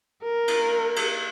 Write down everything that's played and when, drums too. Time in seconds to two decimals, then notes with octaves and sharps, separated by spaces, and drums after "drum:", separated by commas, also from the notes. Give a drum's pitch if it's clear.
0.23 A#4
0.48 drum: cymbal
0.96 drum: cymbal